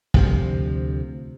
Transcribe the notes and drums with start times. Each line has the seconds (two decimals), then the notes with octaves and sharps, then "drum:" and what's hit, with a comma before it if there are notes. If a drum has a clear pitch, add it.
0.14 D2 C3 F3, drum: kick